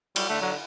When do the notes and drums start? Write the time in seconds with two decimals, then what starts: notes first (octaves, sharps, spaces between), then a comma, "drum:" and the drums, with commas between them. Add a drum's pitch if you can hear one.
0.16 F#3 G3, drum: cymbal
0.29 D3 A3
0.42 D3 F#3